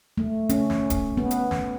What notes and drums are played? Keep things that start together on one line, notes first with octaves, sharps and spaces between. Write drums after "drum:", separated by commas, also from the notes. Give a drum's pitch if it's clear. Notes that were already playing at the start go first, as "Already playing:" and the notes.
A3
C#4, drum: hi-hat
drum: snare
drum: kick D1, hi-hat
B3
drum: hi-hat
drum: snare